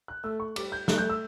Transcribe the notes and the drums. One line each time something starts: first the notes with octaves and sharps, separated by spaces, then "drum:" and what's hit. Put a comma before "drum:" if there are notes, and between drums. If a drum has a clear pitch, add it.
F#6
A3 E6
C#6
G3 D6, drum: cymbal
G6
A3 F#6, drum: snare
G6
E6